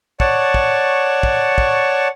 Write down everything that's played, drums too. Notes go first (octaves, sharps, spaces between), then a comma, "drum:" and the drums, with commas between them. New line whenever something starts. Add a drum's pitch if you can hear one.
C#5 D5 F#5 A5 C#6, drum: kick
drum: kick
drum: kick
drum: kick